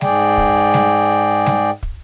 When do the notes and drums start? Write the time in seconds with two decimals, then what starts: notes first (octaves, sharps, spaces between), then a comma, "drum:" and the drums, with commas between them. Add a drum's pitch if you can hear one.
0.01 G#2 G#4 D5 G5, drum: snare G3
0.37 drum: kick
0.74 drum: snare G3
1.46 drum: snare G3
1.83 drum: kick